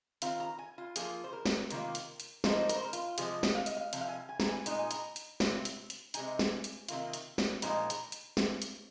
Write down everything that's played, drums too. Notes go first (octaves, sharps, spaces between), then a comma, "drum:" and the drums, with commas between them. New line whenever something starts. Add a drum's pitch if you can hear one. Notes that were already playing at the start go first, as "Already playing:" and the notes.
D#3 C4 F4 F5, drum: hi-hat
A#5
G#5
F4
F3 A#3 F4 G#4, drum: hi-hat
C5
A#4
drum: snare
C3 D#3 A#3 F4, drum: hi-hat
drum: hi-hat
drum: hi-hat
F3 A#3 D#4 C5, drum: snare
A#4, drum: hi-hat
C5
A#4
F4, drum: hi-hat
C3 F3 G#3 G#4, drum: hi-hat
drum: snare
F5
D#5, drum: hi-hat
F5
C3 F3, drum: hi-hat
F5
G#5
G#5
A#5, drum: snare
G#5
A#2 G#3 D#4 A#5, drum: hi-hat
G#5
A#5, drum: hi-hat
drum: hi-hat
C3 G#3 C4 F4, drum: snare
drum: hi-hat
drum: hi-hat
C3 G#3 D#4 G#5, drum: hi-hat
drum: snare
drum: hi-hat
C3 D#3 A#3 F4, drum: hi-hat
drum: hi-hat
drum: snare
A#2 F3 G#3 D#4 A#5, drum: hi-hat
A#5, drum: hi-hat
drum: hi-hat
drum: snare
drum: hi-hat